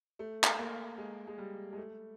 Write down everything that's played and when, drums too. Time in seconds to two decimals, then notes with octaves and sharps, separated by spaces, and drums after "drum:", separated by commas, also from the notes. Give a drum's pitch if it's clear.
0.19 A3
0.44 drum: clap
0.59 A#3
0.98 G#3
1.27 G#3
1.38 G3
1.73 G#3
1.77 A3